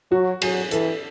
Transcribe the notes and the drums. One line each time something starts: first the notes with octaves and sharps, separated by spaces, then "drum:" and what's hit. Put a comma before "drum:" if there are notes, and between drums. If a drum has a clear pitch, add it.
F#3 F#4
F#3 G#4, drum: cymbal
E3 A4, drum: hi-hat